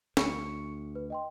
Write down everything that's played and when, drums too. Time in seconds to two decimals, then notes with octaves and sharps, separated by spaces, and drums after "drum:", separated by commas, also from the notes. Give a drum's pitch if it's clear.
0.17 D2 C#6 C#7, drum: snare
0.95 B4
1.10 D#5 G5 C6